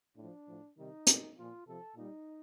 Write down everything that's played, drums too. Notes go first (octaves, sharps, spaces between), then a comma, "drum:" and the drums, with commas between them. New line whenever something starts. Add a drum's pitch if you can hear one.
A2 F3 D4
A2 F3
C3 D#3 G3 D#4
A2 G3, drum: hi-hat
A#2 F3 F4
C3 F3 A4
A#2 G3 D#4